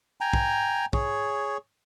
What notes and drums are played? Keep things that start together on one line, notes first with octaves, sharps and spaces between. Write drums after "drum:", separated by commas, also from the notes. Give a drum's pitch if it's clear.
G5 G#5 A#5
drum: kick
G#4 C#5, drum: kick